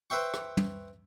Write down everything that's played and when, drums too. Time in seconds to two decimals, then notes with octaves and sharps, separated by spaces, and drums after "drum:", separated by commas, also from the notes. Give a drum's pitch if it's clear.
0.10 B4 C5 E5 G5 C#6
0.34 drum: rim click
0.57 drum: tom